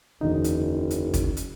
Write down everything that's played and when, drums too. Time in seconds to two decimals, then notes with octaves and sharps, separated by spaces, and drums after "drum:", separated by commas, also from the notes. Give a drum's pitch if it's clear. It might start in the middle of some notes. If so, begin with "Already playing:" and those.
0.21 F#1 E2 D3 D#4
0.44 drum: hi-hat
0.90 drum: hi-hat
1.14 drum: kick, hi-hat
1.37 drum: hi-hat